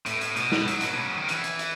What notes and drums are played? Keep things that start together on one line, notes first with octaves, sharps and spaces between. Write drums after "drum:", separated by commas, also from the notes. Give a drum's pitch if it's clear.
A2, drum: hi-hat
drum: hi-hat
B2, drum: hi-hat
drum: snare
F#3, drum: hi-hat
A2, drum: hi-hat
B2
C#3
D#3
E3, drum: hi-hat
drum: hi-hat
drum: hi-hat